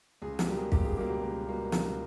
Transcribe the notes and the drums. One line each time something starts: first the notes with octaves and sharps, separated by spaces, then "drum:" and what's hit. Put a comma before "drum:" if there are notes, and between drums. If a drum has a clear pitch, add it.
C#2 G#4
G4, drum: snare
B2 G3 A#3
G#4
C#2 G4, drum: kick
G#4
B2 G3 A#3 G4 A#4
G4 A#4
C#2
B2 G3 A#3
C#2, drum: snare